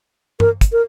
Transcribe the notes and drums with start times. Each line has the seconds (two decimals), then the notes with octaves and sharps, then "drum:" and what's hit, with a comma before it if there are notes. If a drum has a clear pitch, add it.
0.40 A#4, drum: tom G2
0.61 drum: kick, hi-hat
0.72 A#4